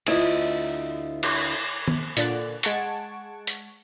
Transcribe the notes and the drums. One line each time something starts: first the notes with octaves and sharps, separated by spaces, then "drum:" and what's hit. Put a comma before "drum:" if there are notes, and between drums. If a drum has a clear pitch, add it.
D2 E4 F4 D#5, drum: cymbal
drum: cymbal
drum: tom
A#2 D3 D5 F#6, drum: hi-hat
G#3 F#5 A5 C#6 G#6 D7, drum: hi-hat
drum: hi-hat